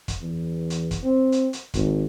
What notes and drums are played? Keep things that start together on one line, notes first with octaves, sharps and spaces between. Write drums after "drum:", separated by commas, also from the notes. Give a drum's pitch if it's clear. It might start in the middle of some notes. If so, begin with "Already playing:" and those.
drum: kick, hi-hat
E2
drum: hi-hat
drum: kick, hi-hat
C4
drum: hi-hat
drum: hi-hat
G#1, drum: kick, hi-hat